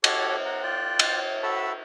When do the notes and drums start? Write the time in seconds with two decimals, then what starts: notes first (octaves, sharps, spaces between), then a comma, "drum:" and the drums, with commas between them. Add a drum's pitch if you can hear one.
0.04 F#4 G4 A4 C#5, drum: cymbal
0.45 F#5 A#5
0.63 F4 D5 G5 F#6
0.99 drum: cymbal
1.43 F#4 A4 E5 A5 B5 E6